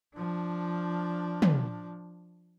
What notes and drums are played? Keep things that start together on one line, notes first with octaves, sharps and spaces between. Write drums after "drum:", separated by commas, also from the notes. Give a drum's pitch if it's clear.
F3 D4
drum: tom